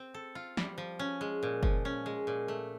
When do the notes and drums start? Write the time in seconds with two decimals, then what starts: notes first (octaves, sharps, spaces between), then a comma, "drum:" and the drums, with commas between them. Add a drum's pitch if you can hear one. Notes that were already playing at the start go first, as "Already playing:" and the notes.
Already playing: C4
0.14 A4
0.35 F4
0.57 G3, drum: snare
0.78 F3
0.99 C#4
1.21 G#3
1.43 A#2
1.63 F3, drum: kick
1.85 C#4
2.06 G#3
2.27 A#2
2.48 A3